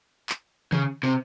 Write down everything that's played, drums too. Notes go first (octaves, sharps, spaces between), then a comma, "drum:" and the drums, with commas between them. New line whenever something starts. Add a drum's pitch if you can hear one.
drum: clap
C#3, drum: tom D#3
C3